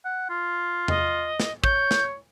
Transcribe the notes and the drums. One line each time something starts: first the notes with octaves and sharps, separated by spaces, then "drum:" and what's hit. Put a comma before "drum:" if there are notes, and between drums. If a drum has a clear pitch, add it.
F#5
F4
D#5, drum: tom E2
drum: snare
C#5 G6, drum: kick
drum: snare